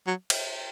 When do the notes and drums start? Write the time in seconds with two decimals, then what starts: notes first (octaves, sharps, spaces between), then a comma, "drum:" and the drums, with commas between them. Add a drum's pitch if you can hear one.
0.07 F#3
0.30 drum: cymbal